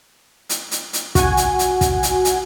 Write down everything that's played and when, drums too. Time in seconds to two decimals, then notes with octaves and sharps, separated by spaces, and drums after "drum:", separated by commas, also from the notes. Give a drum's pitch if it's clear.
0.49 drum: hi-hat
0.71 drum: hi-hat
0.93 drum: hi-hat
1.15 F#4 F#5 G#5, drum: kick, hi-hat
1.37 drum: hi-hat
1.59 drum: hi-hat
1.81 drum: kick, hi-hat
2.03 drum: hi-hat
2.25 drum: hi-hat